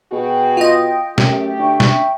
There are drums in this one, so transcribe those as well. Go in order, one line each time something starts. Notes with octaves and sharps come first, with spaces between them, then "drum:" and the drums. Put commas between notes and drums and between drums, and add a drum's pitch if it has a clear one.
B2 F#4 G#4 G5
F4 D#5
F#2 A3 G4, drum: snare
D2 E5 G5 C#6
drum: snare